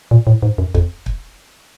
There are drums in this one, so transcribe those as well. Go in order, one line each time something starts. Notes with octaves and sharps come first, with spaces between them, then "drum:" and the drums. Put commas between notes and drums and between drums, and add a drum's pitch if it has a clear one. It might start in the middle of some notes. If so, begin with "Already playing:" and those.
A#2
A2
G#2
F#2
F2, drum: kick
drum: kick